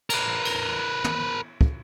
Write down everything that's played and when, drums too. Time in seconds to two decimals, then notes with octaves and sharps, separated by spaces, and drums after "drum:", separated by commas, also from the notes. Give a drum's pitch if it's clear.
0.10 A#4 B4, drum: cymbal
0.45 drum: cymbal
1.04 drum: tom
1.61 drum: kick